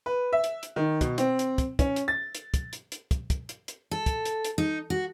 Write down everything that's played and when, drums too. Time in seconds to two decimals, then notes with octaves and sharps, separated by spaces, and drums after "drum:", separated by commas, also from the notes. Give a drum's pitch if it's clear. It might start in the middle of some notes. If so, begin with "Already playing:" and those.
0.06 B4
0.33 E5
0.44 drum: hi-hat
0.63 drum: hi-hat
0.76 D#3
1.01 B2, drum: kick, hi-hat
1.18 C4, drum: hi-hat
1.39 drum: hi-hat
1.58 drum: kick, hi-hat
1.79 C#4, drum: kick, hi-hat
1.96 drum: hi-hat
2.08 A6
2.35 drum: hi-hat
2.54 drum: kick, hi-hat
2.73 drum: hi-hat
2.92 drum: hi-hat
3.11 drum: kick, hi-hat
3.30 drum: kick, hi-hat
3.49 drum: hi-hat
3.68 drum: hi-hat
3.91 A4
4.06 drum: kick, hi-hat
4.25 drum: hi-hat
4.45 drum: hi-hat
4.58 D#4
4.90 F#4